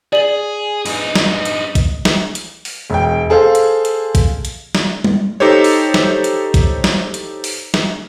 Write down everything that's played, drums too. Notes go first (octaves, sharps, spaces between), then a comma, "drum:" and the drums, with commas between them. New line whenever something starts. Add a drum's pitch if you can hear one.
G#4 D5 F#7
G2 D#4, drum: open hi-hat
drum: snare
drum: hi-hat
drum: kick, hi-hat
drum: snare
drum: hi-hat
drum: open hi-hat
E1 G5
G#4 A4 C5 F5
drum: hi-hat
drum: hi-hat
drum: kick, hi-hat
drum: hi-hat
drum: snare
drum: tom G3
D#4 G4 A4 C5 C#5
drum: open hi-hat
drum: snare
drum: hi-hat
drum: kick, hi-hat
drum: snare
drum: hi-hat
drum: open hi-hat
drum: snare